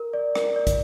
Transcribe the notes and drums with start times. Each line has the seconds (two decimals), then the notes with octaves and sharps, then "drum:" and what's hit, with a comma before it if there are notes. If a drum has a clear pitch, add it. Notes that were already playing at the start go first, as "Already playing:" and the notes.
Already playing: A#4
0.13 D5
0.35 A#4, drum: rim click
0.56 D5
0.67 drum: kick, hi-hat